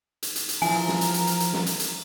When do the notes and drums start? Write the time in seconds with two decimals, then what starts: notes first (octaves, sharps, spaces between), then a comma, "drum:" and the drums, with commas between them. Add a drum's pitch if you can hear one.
0.23 drum: hi-hat
0.36 drum: hi-hat
0.49 drum: hi-hat
0.62 E3 F3 A#4 G#5, drum: open hi-hat
0.88 drum: snare
1.01 drum: hi-hat
1.14 drum: hi-hat
1.27 drum: hi-hat
1.40 drum: hi-hat
1.53 drum: snare
1.66 drum: hi-hat
1.79 drum: hi-hat